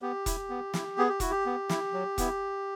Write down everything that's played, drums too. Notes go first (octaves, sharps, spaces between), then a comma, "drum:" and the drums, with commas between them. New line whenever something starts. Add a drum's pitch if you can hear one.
B3 G4
E4, drum: kick E1, hi-hat
B3
E4, drum: snare
B3 G#4
G4
E4 F#4, drum: kick E1, hi-hat
G4
B3
E4, drum: snare
F#3
B3 E4, drum: kick E1, hi-hat